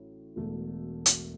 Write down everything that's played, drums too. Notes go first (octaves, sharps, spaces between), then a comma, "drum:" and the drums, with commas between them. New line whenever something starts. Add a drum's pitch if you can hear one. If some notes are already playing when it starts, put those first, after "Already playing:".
Already playing: A1 A2 F#3
E1 E2 B2 A3
drum: hi-hat